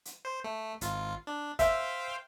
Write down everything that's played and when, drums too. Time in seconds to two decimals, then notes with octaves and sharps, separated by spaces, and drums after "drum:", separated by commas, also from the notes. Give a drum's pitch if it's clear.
0.05 drum: hi-hat
0.25 C5
0.44 A3
0.81 G#1 F4, drum: hi-hat
1.27 D4
1.59 C5 E5 F5 G5, drum: kick, hi-hat